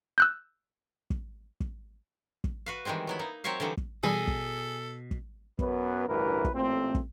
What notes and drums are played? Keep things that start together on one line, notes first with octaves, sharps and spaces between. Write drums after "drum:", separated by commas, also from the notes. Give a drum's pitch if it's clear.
E6 F#6 G6
drum: kick
drum: kick
drum: kick
F#4 B4 F5
D#3 E3 G3 G#3 C4
F#3 B3 E4
A#3 D#4
F#3 C4 A#4 C#5 E5 F5
D3 E3 G3 D#4
drum: kick
B2 E3 G3 G#4 A4
drum: kick
drum: kick
F#2 B3 B4, drum: kick
A1 D2 G2 E3 A#4 B4
drum: kick
A1 A#2 A3 C4
drum: kick